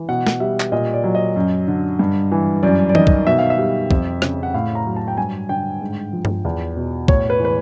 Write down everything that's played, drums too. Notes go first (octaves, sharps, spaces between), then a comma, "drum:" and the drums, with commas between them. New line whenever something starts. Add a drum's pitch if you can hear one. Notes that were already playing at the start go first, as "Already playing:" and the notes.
Already playing: E3
B2 F#5
drum: snare
G3 E5
drum: clap
A#2 D#5
D5
F#3
D#5
F#2
D3
G2
E3
F#2 D5
D5
D#3 D#5, drum: tom E3
drum: kick
B2 E5
F5
E5
G3
F2, drum: kick
C#3, drum: rim click
F#5
A2 F5
A#5
F#3
A5
G5
G2 G#5
D3 G5
G#2
F3
drum: tom G2
E2
B2
A2 C#5, drum: kick
B4
E3 B4